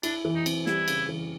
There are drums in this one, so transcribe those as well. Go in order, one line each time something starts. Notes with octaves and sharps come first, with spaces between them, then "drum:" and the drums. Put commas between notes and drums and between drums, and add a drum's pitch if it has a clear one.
D4 E4, drum: cymbal
E3
D#4
C4, drum: cymbal
G3 E4, drum: snare
C#3, drum: cymbal
E3